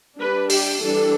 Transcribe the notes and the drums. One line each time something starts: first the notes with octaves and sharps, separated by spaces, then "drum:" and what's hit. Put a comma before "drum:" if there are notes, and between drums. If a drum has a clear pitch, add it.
G3 D4 B4
G4, drum: open hi-hat
E3 G3 D4 A4